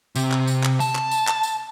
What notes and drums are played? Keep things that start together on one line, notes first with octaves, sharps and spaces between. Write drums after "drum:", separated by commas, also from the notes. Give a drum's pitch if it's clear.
C3, drum: tambourine
drum: clap
drum: tambourine
drum: clap
A5, drum: tambourine
drum: clap
drum: tambourine
drum: clap
drum: tambourine